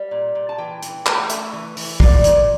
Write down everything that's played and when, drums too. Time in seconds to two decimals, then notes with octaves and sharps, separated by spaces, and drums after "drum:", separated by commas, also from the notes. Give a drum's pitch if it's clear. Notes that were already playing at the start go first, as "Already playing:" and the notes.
Already playing: G3
0.11 A#2
0.35 A#2
0.49 A5
0.58 E3 G5
0.82 E3, drum: hi-hat
1.06 A3, drum: clap
1.29 A3 E5, drum: hi-hat
1.53 E3
1.77 E3, drum: open hi-hat
2.00 A#2 D5, drum: kick
2.24 A#2, drum: hi-hat